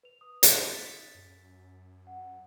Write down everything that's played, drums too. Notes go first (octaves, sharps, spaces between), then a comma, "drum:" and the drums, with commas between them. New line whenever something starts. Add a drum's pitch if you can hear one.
B4 F7
D#6
drum: hi-hat
A6 B6
F#2
F#5